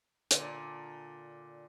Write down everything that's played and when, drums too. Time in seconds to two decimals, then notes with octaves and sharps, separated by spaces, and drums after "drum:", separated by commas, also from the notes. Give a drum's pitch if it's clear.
0.31 A#2 D3, drum: hi-hat